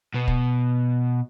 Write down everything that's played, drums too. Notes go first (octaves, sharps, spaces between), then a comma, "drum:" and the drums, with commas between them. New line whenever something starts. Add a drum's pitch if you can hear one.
B2
drum: kick